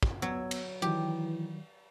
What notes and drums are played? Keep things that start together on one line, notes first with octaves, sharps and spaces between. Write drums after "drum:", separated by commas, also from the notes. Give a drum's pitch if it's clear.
drum: kick
F#3 B3 E6 G#6
drum: cymbal
D#3 E3 F#3 G4